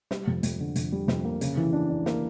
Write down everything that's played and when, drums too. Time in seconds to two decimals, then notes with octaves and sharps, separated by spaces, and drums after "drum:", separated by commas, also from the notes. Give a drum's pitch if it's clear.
0.11 G3, drum: snare
0.27 F2
0.43 F2, drum: hi-hat
0.60 D3
0.76 F2, drum: hi-hat
0.92 G3
1.08 F2, drum: snare
1.25 A#3
1.41 C#3, drum: hi-hat
1.57 E3
1.73 D4
1.89 D4
2.06 A#3, drum: snare